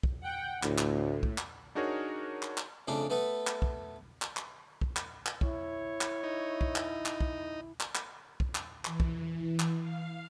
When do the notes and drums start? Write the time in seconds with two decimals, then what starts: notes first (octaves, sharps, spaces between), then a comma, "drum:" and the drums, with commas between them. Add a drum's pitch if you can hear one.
0.03 drum: kick
0.22 F#5 G5
0.63 D2 A2, drum: clap
0.78 drum: clap
1.23 drum: kick
1.38 drum: clap
1.75 D4 D#4 F#4 G#4 A#4 C#5
2.42 drum: clap
2.57 drum: clap
2.88 F2 C#3 A3 D4
3.10 A3 B3 A4 B4
3.47 drum: clap
3.62 drum: kick
4.22 drum: clap
4.37 drum: clap
4.81 drum: kick
4.96 drum: clap
5.26 drum: clap
5.41 E4 C#5, drum: kick
6.01 drum: clap
6.23 D#4
6.61 drum: kick
6.76 drum: clap
7.06 drum: clap
7.20 drum: kick
7.80 drum: clap
7.95 drum: clap
8.40 drum: kick
8.55 drum: clap
8.85 E3, drum: clap
9.00 drum: kick
9.59 drum: clap
9.80 F5